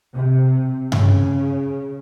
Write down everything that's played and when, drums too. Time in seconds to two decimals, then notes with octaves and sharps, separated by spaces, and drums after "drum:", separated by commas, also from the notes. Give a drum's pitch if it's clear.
0.14 C3
0.92 C#3, drum: tom G2